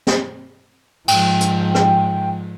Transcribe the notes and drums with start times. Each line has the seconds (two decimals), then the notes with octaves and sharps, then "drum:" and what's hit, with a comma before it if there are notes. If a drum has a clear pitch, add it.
0.07 drum: snare
1.08 G#2 F3 G5, drum: cymbal
1.40 drum: hi-hat
1.75 drum: rim click